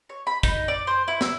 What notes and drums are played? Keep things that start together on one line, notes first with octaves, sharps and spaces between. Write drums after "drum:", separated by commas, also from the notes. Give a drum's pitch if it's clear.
C#5
B5
D#4, drum: kick, tambourine
D5
C5
E4
E6, drum: snare